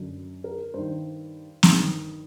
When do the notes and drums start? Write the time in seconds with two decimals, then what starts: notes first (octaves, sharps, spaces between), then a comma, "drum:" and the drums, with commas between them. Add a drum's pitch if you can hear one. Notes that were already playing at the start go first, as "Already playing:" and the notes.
Already playing: F#2 D3
0.44 A#4
0.74 G2 D#3 C5
1.63 G2 D#3, drum: snare